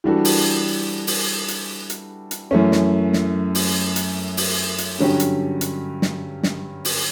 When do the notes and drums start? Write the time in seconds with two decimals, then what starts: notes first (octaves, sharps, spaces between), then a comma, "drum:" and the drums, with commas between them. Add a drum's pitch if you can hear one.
0.04 E3 G3 D4 F#4 A4
0.25 drum: open hi-hat
1.07 drum: open hi-hat
1.48 drum: hi-hat
1.90 drum: hi-hat
2.31 drum: hi-hat
2.51 F#2 E3 A3 C#4
2.72 drum: snare
3.13 drum: snare
3.55 drum: open hi-hat
3.96 drum: hi-hat
4.37 drum: open hi-hat
4.78 drum: hi-hat
4.99 G2 D3 F#3 C#4 G4
5.20 drum: hi-hat
5.61 drum: hi-hat
6.02 drum: snare
6.43 drum: snare
6.85 drum: open hi-hat